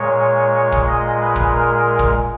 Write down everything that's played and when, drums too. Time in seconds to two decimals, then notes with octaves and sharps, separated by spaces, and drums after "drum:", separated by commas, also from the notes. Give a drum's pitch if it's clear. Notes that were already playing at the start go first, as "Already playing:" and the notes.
Already playing: A#2 G#3 C#5
0.72 drum: kick
0.88 D#5
1.20 B4
1.36 drum: kick
1.52 A#4
1.99 drum: kick